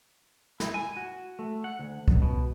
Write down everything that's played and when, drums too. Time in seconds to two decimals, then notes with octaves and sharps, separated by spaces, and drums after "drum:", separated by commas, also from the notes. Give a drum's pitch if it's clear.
0.60 E4, drum: snare
0.74 G#5
0.96 F#4
1.39 A3
1.64 F#5
1.79 D2
2.08 C#2, drum: kick C2
2.22 B2